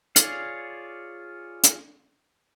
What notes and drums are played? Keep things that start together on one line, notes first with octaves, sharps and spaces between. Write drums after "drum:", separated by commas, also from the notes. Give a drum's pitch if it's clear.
F4 G#4 C#5 D5 F5, drum: hi-hat
drum: hi-hat